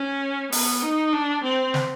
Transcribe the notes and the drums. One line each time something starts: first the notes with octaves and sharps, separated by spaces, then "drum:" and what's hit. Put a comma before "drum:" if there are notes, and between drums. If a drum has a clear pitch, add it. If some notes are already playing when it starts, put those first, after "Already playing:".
Already playing: C#4
B3, drum: open hi-hat
D#4
D4
C4
drum: snare